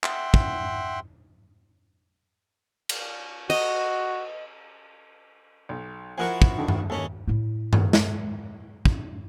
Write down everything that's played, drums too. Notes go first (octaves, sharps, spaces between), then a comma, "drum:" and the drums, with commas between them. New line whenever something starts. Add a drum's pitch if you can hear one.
E5 F#5 G5 C6, drum: clap
drum: kick
drum: cymbal
F#4 D#5, drum: cymbal
B1
F3 E4 F#4 A#4 F#5 G#5
drum: kick
D3 D#3
drum: tom G2
D#2 C#4 A4
A2 E4
drum: tom G2
drum: snare
drum: kick